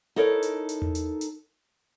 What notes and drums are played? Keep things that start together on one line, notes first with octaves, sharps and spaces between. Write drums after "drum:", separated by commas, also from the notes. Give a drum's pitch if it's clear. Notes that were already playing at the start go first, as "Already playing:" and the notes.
D#4 E4 A4 A#4 C#5
drum: hi-hat
drum: hi-hat
drum: tom E2
drum: hi-hat
drum: hi-hat